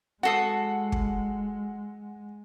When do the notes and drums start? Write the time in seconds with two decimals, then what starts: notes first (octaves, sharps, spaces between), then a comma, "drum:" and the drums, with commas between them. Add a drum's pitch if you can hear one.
0.23 G#3 F#4 A4 F#5 D#6 C7
0.92 drum: kick